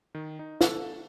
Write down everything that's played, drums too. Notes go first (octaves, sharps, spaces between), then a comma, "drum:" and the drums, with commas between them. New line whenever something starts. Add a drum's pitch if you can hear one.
D#3
D#4
A4, drum: snare